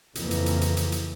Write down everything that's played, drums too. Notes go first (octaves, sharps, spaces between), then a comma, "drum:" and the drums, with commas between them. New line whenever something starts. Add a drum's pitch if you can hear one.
F2 C#3 E3 A#3, drum: hi-hat
drum: hi-hat
drum: hi-hat
drum: hi-hat
drum: hi-hat
drum: hi-hat